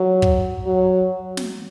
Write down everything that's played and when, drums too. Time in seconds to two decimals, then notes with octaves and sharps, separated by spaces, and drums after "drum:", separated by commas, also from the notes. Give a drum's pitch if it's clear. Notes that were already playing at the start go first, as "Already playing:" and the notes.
Already playing: F#3
0.22 drum: kick
0.66 F#3
1.37 drum: snare